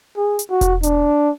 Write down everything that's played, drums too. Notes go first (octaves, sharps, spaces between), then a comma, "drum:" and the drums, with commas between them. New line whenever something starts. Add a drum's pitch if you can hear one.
G#4
drum: hi-hat
F#4
drum: kick E1, hi-hat
D4, drum: hi-hat